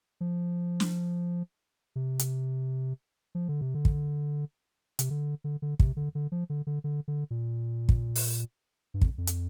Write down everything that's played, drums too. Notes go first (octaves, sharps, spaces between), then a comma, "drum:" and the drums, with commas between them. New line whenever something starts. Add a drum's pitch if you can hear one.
F3
drum: snare
C3
drum: hi-hat
F3
D3
C3
D3
drum: kick
C3, drum: hi-hat
D3
D3
D3
C3, drum: kick
D3
D3
F3
D3
D3
D3
D3
A#2
drum: kick
drum: open hi-hat
G2
F2, drum: kick
F2
drum: hi-hat